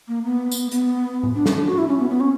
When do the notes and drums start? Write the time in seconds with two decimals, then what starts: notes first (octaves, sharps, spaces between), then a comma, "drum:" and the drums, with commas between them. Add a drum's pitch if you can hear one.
0.08 A#3
0.24 B3
0.52 drum: tambourine
0.67 A#3
0.71 B3, drum: hi-hat
1.23 drum: tom A2
1.35 D4
1.46 C#4, drum: snare
1.52 D4
1.67 F#4
1.78 E4
1.88 C#4
1.99 B3
2.10 B3
2.20 C#4